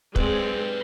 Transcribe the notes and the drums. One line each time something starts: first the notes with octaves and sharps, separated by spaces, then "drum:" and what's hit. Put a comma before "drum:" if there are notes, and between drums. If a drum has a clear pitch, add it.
G#3 C4 B4 D5, drum: kick